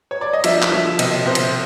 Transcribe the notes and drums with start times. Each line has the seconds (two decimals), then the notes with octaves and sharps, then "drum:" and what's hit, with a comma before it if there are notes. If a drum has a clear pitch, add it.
0.11 C#5
0.21 D5
0.33 D#5
0.44 F3 E5, drum: cymbal
0.62 drum: clap
0.72 F3 E5
0.99 C3 D#5, drum: cymbal
1.26 C3 C5
1.35 drum: cymbal